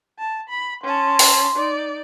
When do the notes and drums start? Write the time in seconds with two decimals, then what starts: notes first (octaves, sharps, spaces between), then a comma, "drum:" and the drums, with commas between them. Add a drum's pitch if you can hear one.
0.19 A5
0.49 B5
0.84 C#4 A5 C6
1.19 drum: open hi-hat
1.56 D#4 D5